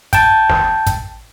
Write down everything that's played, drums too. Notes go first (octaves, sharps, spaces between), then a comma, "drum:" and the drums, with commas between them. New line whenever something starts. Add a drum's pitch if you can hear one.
G5 A5, drum: kick, hi-hat
drum: snare
drum: kick, hi-hat